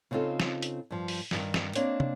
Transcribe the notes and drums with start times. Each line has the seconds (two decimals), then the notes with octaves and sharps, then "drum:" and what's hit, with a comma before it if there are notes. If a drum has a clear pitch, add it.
0.11 C#3 B3 C4 D#4 F4 A4
0.40 drum: snare
0.62 drum: hi-hat
0.91 G2 F3
1.08 drum: open hi-hat
1.31 G2 D#3, drum: snare
1.54 drum: snare
1.75 A#3 C4 D4 C#5 D#5, drum: hi-hat
2.00 drum: tom